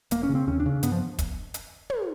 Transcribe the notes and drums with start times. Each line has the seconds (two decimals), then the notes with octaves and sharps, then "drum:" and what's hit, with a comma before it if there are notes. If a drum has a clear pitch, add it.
0.11 E1 A#3, drum: hi-hat
0.23 C#4
0.29 C#3
0.35 C4
0.47 D#2 C#4
0.60 D4
0.66 C#3
0.83 G2 B3, drum: hi-hat
0.92 F3
1.19 drum: kick, hi-hat
1.54 drum: hi-hat
1.90 drum: tom